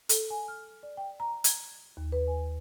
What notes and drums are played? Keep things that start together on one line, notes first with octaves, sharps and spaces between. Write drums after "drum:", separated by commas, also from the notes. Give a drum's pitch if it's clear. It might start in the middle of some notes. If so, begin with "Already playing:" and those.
A4, drum: hi-hat
G#5
F6
D5
G5
A#5
G#6, drum: hi-hat
D#2
B4
G#5